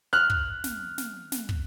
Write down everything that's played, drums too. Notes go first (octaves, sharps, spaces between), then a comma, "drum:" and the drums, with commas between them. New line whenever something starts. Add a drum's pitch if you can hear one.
F6 F#6
drum: kick
drum: snare
drum: snare
drum: snare
drum: kick